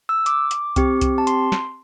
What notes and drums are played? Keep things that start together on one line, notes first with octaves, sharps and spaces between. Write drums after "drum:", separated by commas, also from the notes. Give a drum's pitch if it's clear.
E6
D6, drum: hi-hat
drum: hi-hat
C4 G4, drum: kick C2, hi-hat
drum: kick C2, hi-hat
A5
C6, drum: hi-hat
drum: snare